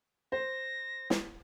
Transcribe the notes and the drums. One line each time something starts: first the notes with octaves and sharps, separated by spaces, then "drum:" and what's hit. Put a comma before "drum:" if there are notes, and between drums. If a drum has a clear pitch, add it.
C5 A#6
drum: snare